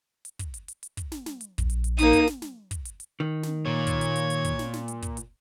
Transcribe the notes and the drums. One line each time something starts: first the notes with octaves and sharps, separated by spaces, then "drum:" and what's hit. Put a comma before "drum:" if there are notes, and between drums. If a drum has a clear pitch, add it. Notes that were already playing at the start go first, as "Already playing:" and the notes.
drum: hi-hat
drum: kick, hi-hat
drum: hi-hat
drum: hi-hat
drum: hi-hat
drum: kick, hi-hat
drum: snare
drum: snare
drum: hi-hat
A#1, drum: kick, hi-hat
drum: hi-hat
drum: hi-hat
A#3 D#4 D#6, drum: hi-hat
drum: kick, hi-hat
drum: snare
drum: snare
drum: kick, hi-hat
drum: hi-hat
drum: hi-hat
D#3
drum: snare
A#2 C#5
drum: kick, hi-hat
drum: hi-hat
drum: hi-hat
drum: hi-hat
drum: kick, hi-hat
drum: snare
drum: snare
drum: hi-hat
drum: kick, hi-hat
drum: hi-hat